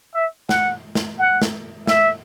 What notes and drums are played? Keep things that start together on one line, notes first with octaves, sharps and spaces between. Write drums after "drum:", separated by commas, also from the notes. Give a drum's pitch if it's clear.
E5
F#5, drum: snare
drum: snare
F#5
drum: snare
E5, drum: snare